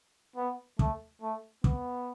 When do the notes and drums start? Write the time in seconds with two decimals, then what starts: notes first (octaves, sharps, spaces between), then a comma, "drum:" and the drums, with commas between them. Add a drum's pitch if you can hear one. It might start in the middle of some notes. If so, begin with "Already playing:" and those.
0.36 B3
0.79 A3, drum: kick
1.21 A3
1.64 B3, drum: kick